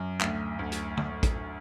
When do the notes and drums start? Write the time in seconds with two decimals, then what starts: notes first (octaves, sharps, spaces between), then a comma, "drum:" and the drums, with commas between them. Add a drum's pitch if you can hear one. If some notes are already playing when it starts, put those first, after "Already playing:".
Already playing: F#2
0.21 D2, drum: clap
0.59 D2
0.72 drum: hi-hat
0.97 drum: tom
1.23 drum: kick, hi-hat